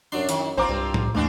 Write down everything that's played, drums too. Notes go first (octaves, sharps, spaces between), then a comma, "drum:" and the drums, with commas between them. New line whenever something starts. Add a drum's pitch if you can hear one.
F#2 F#3 D4 C6
D#3 E4, drum: hi-hat
A#1 C4 F4 C5 A#5 D6
C2 G2
drum: tom A2
D#2 A2 E3 D4 F#4